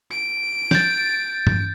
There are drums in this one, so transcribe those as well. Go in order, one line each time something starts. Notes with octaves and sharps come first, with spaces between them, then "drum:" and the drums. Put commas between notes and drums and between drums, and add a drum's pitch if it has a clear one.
D7
G6 A6, drum: snare
drum: tom G2